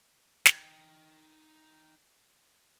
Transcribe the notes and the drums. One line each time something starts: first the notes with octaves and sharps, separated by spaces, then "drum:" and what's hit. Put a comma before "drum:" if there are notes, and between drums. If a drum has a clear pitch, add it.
D#4 G5, drum: snare